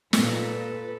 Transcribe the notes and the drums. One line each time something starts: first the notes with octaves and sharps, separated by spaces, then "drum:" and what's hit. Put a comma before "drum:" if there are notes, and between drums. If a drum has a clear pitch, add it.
A#2 A4 B4, drum: snare